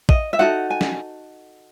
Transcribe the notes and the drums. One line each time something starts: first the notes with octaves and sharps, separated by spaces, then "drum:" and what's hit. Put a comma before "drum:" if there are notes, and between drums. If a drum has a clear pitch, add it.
D#5, drum: kick
E5
D#4 F#4 A4 F#5
G#5
drum: snare